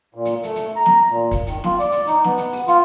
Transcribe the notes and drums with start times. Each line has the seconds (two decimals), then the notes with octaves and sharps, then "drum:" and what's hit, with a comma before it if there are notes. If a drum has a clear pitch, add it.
0.14 A#2
0.25 drum: hi-hat
0.43 A3, drum: hi-hat
0.56 drum: hi-hat
0.76 A#5
0.86 drum: snare
1.09 A#2
1.31 drum: kick, hi-hat
1.47 D#3, drum: hi-hat
1.64 F4, drum: snare
1.79 D5, drum: hi-hat
1.92 drum: hi-hat
2.07 D#4, drum: hi-hat
2.24 B3, drum: snare
2.37 drum: hi-hat
2.53 drum: open hi-hat
2.68 F4, drum: hi-hat